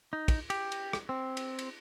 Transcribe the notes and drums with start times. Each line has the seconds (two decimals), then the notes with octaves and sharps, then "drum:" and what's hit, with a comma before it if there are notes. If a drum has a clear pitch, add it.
0.13 D#4
0.28 drum: kick, cymbal
0.50 G4, drum: cymbal
0.72 drum: cymbal
0.93 drum: rim click
1.09 C4
1.37 drum: cymbal
1.59 drum: cymbal